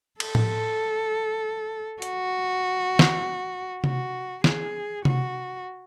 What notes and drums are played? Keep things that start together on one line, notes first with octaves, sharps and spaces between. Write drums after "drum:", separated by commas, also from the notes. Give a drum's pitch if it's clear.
A4, drum: cymbal
drum: tom A2
F#4, drum: hi-hat
drum: snare
F#4, drum: tom C3
G#4, drum: snare
F#4, drum: tom C3